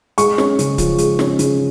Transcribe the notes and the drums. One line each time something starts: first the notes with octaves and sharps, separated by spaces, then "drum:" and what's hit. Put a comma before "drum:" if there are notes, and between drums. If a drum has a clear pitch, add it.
G#3 C#6, drum: hi-hat
C#4, drum: snare
C#3, drum: hi-hat
F3, drum: kick C#1, hi-hat
G#3, drum: hi-hat
C#4, drum: snare
C#3, drum: hi-hat